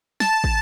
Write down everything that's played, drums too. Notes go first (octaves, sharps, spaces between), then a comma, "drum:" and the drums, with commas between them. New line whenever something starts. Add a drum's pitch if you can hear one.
A5, drum: snare
drum: kick